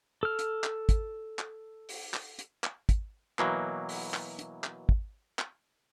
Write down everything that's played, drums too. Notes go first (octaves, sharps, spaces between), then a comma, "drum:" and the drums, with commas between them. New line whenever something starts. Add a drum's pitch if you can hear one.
A4 F6
drum: hi-hat
drum: clap
drum: kick, hi-hat
drum: clap
drum: open hi-hat
drum: clap
drum: hi-hat
drum: clap
drum: kick, hi-hat
B2 E3 F#3 A#3, drum: clap
drum: open hi-hat
drum: clap
drum: hi-hat
drum: clap
drum: kick
drum: clap